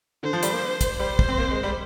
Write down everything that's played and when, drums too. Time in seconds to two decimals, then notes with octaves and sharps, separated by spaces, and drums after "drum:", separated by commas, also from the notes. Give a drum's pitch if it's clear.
0.23 D3 C5
0.33 F3
0.43 G3, drum: hi-hat
0.52 A#3
0.81 drum: kick, hi-hat
0.99 G3 C5
1.19 drum: kick
1.29 C4
1.37 A#3
1.51 G#3
1.63 G3